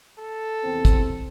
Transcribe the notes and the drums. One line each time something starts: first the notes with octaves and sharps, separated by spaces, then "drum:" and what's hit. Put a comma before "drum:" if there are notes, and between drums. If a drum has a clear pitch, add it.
A4
E2 C3 C4
drum: kick, hi-hat